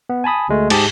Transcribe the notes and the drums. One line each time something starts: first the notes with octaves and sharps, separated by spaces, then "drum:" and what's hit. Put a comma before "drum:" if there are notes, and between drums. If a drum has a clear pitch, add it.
B3
G#5 A5 B5 D#6
D2 G#3 A3
G#2 G4 G#4 A5 D6, drum: cymbal